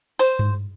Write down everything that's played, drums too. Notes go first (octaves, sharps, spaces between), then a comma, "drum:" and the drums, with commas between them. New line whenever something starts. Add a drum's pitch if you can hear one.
C5, drum: open hi-hat
drum: tom G2